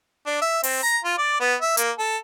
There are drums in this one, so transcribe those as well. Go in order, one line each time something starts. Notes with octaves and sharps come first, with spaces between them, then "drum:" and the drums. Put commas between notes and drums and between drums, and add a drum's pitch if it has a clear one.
D4
E5
C4, drum: open hi-hat
A#5
F4
D5
B3
E5
A#3, drum: hi-hat
A4